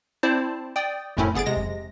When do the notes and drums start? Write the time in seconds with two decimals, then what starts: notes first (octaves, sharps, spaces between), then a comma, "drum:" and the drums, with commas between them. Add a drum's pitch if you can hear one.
0.23 C4 E4 C5 D5 A5
0.76 D5 G5 D#6
1.17 F#2 A2 A3 C4 C#4 E4, drum: kick F2
1.34 G1 B3 G#4 A6 D7
1.46 C3 G#3 A#6
1.57 drum: kick F2